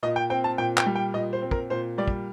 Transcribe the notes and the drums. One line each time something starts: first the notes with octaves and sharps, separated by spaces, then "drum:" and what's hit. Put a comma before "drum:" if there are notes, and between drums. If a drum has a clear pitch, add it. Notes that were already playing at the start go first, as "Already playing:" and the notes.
A#2 D#5
G5
C4 G5
A5
A#2 G5
G5, drum: clap
G3
G5
A#2 D#5
C5
C4
A#4, drum: kick
A#2 C5
G3 D5
drum: kick